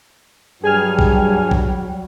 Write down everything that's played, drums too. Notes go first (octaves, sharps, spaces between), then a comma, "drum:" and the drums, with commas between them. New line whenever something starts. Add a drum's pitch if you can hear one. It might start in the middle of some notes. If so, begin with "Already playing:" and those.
G2 F#3 G3 G#4 G#5 F6
drum: kick A#1
drum: kick A#1